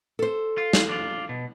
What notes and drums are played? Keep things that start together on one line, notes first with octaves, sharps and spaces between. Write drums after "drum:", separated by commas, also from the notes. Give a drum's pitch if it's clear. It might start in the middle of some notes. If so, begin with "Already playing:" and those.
A4 C5
F4
drum: snare
D4 F4
B2